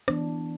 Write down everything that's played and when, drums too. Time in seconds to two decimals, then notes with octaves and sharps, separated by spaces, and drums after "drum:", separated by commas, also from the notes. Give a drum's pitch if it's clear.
0.08 E3 B3 D4, drum: rim click